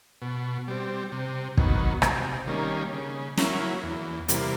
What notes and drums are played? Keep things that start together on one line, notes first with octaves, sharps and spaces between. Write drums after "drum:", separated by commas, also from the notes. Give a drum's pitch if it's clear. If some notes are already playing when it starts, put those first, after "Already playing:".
B2
G3 C4
C3
D#3 F#3 B3, drum: kick
C3, drum: rim click
D#3 G3 A#3 C#4
C#3
F#3 A#3 C#4 E4, drum: snare
E2
C3 E3 G3 A#3, drum: hi-hat